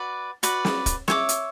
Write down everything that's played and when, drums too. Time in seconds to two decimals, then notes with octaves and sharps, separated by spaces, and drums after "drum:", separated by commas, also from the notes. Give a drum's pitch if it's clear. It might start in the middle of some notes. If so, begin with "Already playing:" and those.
Already playing: F#4 B4 D5
0.43 F#4 B4 D5, drum: hi-hat
0.65 drum: snare
0.86 drum: kick, hi-hat
1.08 C#5 E5 G#5 D6, drum: snare
1.29 drum: hi-hat